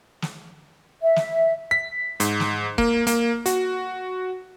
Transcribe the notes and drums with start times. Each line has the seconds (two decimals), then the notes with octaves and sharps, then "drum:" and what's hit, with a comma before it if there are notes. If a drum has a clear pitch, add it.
0.22 drum: snare
1.02 E5
1.16 drum: snare
1.71 B6
2.20 G#2, drum: hi-hat
2.40 drum: snare
2.78 A#3, drum: kick F1
3.07 A#3, drum: hi-hat
3.46 F#4, drum: hi-hat